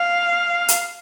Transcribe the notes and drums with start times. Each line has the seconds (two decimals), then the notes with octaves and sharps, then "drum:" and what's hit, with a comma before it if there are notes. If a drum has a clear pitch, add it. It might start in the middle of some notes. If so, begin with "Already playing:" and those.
Already playing: F5
0.68 drum: hi-hat